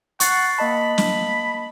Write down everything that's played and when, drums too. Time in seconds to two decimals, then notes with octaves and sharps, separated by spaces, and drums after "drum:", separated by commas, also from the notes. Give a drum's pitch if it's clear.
0.20 F#5 C#6 A6 C7, drum: hi-hat
0.58 A#3 D#5 A5 B5
0.98 drum: snare